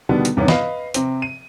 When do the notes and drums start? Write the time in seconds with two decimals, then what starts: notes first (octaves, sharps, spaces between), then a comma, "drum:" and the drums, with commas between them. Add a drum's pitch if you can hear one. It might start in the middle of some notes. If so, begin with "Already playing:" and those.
0.09 B2 D3 D#3 G3 B3
0.25 drum: hi-hat
0.37 E2 G2 C3 D#3 B3 C#4
0.48 B4 D#5 F5, drum: snare
0.94 C3 C4, drum: hi-hat
1.22 D#7